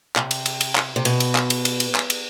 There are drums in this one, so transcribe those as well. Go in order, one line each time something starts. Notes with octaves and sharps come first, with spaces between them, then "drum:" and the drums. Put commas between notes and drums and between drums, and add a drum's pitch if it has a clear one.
C3, drum: clap
drum: cymbal
drum: cymbal
drum: cymbal
drum: clap
C3
B2, drum: cymbal
drum: cymbal
drum: clap
drum: cymbal
drum: cymbal
drum: cymbal
drum: clap
drum: cymbal